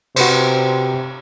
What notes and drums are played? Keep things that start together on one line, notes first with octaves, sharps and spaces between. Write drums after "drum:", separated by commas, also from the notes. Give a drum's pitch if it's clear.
C3 F#4 B4 C5, drum: cymbal